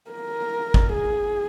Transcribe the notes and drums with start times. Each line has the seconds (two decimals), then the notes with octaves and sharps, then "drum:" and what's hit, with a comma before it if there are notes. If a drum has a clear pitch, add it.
0.11 A#4
0.74 drum: kick
0.94 G#4